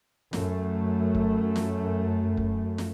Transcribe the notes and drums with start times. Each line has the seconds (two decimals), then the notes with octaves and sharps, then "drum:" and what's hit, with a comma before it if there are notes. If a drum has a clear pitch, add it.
0.33 F#2 A3, drum: snare
1.15 drum: kick
1.56 drum: snare
2.37 drum: kick
2.78 drum: snare